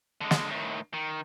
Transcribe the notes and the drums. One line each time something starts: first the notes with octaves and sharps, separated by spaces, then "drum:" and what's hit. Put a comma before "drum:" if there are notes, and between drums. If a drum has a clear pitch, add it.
D3 G#3
drum: snare
A2 D#3
D#3